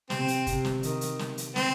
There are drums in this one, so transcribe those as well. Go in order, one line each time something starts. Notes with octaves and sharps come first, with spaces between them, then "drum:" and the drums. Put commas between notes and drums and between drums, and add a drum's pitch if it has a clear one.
C3 C4, drum: snare
drum: hi-hat
C3, drum: kick, hi-hat
drum: snare
D#3, drum: hi-hat
drum: hi-hat
drum: snare
drum: hi-hat
C4, drum: snare